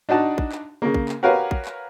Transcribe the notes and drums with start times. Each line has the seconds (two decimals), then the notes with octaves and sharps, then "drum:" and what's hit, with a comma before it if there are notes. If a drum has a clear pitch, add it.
0.09 D4 D#4 F#4 A5
0.38 drum: kick
0.52 drum: clap
0.82 C#3 A#3
0.94 drum: kick
1.09 drum: clap
1.23 F#4 G4 A#4 B4 C#5 F5
1.51 drum: kick
1.65 drum: clap